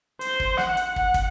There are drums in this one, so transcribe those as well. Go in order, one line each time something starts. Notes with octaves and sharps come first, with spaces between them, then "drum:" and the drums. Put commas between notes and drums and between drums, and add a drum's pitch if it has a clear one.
C5, drum: hi-hat
drum: kick
F#5, drum: snare
drum: hi-hat
F#5, drum: kick
drum: kick, hi-hat